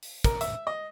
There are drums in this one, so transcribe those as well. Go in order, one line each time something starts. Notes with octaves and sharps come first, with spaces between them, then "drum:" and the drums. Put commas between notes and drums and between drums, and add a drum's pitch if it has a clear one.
drum: open hi-hat
A#4, drum: kick, hi-hat
E5, drum: hi-hat
D#5